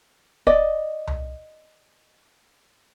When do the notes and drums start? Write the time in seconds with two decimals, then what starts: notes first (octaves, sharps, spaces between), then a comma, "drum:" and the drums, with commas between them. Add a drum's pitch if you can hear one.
0.47 D5 D#5, drum: kick
1.07 drum: tom C2